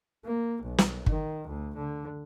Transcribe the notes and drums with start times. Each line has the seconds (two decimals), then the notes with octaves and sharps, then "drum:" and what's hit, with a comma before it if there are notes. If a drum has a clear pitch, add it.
0.25 A#3
0.63 B1
0.78 drum: snare
1.06 D#3, drum: kick G1
1.48 D2
1.77 D3